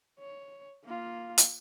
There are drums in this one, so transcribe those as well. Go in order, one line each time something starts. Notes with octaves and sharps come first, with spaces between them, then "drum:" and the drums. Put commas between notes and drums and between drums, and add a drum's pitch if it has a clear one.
C#5
A#3 F4
drum: hi-hat